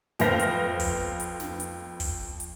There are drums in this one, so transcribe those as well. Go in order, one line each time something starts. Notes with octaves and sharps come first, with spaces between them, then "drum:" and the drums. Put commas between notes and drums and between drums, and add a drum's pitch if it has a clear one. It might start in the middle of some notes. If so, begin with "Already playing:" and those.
F2 B3 B4 C5 F5 A#6, drum: snare
drum: hi-hat
drum: kick, open hi-hat
drum: hi-hat
drum: snare
drum: hi-hat
drum: kick, open hi-hat
drum: hi-hat